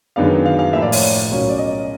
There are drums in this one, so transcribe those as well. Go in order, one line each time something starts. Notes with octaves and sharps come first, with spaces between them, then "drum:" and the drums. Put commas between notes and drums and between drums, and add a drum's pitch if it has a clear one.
F#2 D#3 G#3 B3 D4 F5
F5
F5
A2 F3 A#3 E5
D5
C#5, drum: open hi-hat
D5
B1 A#2 F#3 A#3 C#4
D5
D#5